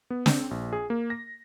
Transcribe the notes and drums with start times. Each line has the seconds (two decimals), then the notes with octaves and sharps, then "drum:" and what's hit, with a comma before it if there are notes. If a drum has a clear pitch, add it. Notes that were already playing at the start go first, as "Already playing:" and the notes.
0.10 B3
0.26 C4, drum: snare
0.51 A#1
0.73 G#4
0.90 A#3
1.10 A#6